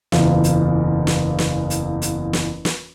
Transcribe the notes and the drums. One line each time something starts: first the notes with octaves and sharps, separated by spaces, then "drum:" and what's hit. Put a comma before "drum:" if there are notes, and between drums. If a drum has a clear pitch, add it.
F#1 E2 F4, drum: snare
drum: hi-hat
drum: snare
drum: snare
drum: hi-hat
drum: hi-hat
drum: snare
drum: snare